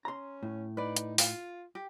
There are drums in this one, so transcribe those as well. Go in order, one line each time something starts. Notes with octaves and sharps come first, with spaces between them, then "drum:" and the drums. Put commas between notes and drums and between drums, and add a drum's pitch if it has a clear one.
C#4 A#5 C6
A2
D#4 B4 D5
drum: hi-hat
F4 F5, drum: open hi-hat
G4